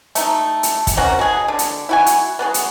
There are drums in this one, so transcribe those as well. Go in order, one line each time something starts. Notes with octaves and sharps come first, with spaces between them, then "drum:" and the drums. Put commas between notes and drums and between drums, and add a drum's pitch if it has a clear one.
A3 D#4, drum: hi-hat
drum: hi-hat
drum: kick, hi-hat
A#3 C4 C#4 F#4
B2 G#4
D3
drum: hi-hat
E4 F#4 G#5
drum: hi-hat
B3 F#4 G#4
drum: hi-hat